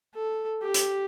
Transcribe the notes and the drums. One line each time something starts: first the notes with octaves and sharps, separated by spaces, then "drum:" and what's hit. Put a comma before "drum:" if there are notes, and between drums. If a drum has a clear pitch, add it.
A4
G4
drum: hi-hat